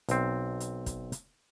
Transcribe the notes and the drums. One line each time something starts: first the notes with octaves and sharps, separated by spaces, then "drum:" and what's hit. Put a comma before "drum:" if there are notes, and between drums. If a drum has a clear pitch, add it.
B1 C4, drum: hi-hat
drum: hi-hat
drum: kick, hi-hat
drum: hi-hat